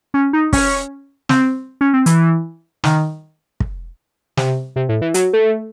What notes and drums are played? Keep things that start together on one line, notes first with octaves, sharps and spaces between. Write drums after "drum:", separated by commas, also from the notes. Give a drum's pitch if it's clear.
C#4
D#4
C#4, drum: kick, open hi-hat
C4, drum: snare
C#4
C4
E3, drum: hi-hat
D#3, drum: snare
drum: kick
C3, drum: snare
C3
A2
E3
F#3, drum: hi-hat
A3